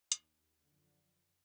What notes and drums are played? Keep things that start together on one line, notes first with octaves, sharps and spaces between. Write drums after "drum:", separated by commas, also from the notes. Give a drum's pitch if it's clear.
D#2, drum: hi-hat
F#2 D3 F3